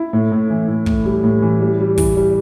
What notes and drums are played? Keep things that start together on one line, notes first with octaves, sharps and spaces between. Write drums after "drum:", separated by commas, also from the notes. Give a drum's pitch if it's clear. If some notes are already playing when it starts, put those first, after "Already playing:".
Already playing: E4
A2
A2
E3
A2
A2, drum: kick
G3
A2
E3
G3
G3
E3, drum: kick, open hi-hat
G3